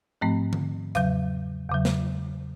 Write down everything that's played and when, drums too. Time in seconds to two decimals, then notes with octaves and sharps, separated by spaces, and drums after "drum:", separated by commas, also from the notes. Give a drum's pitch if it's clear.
0.21 G#2 F3 A3 C4
0.53 drum: tom D3
0.95 E2 C#3 F#3 F5, drum: hi-hat
1.70 E2 C#3 F#3
1.85 drum: snare